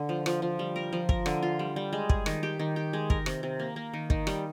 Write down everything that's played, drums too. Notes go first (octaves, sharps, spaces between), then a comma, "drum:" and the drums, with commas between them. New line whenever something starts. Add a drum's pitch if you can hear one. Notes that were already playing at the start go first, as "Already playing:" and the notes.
Already playing: D3
F3
F3, drum: rim click
F3
G3
A#4
F3
A#4, drum: kick
D3, drum: rim click
F4
G3
G3
G#3
G#4, drum: kick
D#3, drum: rim click
G4
D#3
G4
G#3
A#4, drum: kick
C3, drum: rim click
C3
A#3
A#3
D#3
D#3, drum: kick
G3, drum: rim click